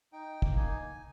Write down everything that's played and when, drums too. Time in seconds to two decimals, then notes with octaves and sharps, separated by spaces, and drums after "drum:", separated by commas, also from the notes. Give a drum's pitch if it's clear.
0.13 D#4 G5
0.42 A#3, drum: kick
0.57 G#5